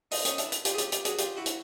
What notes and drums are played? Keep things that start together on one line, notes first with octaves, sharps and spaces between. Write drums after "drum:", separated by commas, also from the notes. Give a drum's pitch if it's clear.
D#4 F4, drum: open hi-hat
C#4 D#4, drum: hi-hat
D4 E4, drum: hi-hat
drum: hi-hat
F4 G4, drum: hi-hat
G#4
F4 G4, drum: hi-hat
F4 G4, drum: hi-hat
F#4 G#4, drum: hi-hat
F4 G4, drum: hi-hat
E4 F#4
drum: hi-hat